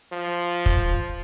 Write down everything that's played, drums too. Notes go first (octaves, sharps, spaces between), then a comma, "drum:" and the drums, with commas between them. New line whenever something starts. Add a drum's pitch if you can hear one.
F3
drum: kick